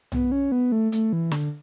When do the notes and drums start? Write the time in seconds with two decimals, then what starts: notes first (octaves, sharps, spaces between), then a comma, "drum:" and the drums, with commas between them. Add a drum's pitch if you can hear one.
0.12 B3, drum: tom B1
0.32 C#4
0.52 B3
0.72 A3
0.92 A3, drum: hi-hat
1.13 E3
1.31 D3, drum: snare